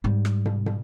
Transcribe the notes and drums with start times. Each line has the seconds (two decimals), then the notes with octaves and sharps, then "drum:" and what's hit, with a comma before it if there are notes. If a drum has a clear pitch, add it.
0.04 G#2 G3
0.25 drum: rim click
0.45 drum: tom
0.66 drum: tom